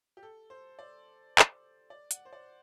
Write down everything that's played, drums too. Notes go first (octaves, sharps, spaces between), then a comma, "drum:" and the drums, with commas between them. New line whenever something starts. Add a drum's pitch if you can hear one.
G4
A4
C5
D5
drum: clap
D5
F#5, drum: hi-hat
C5
D5